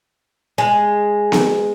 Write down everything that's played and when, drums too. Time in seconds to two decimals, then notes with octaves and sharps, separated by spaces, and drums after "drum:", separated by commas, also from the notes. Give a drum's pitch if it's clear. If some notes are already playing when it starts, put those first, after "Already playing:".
0.58 G#3
1.32 drum: snare B3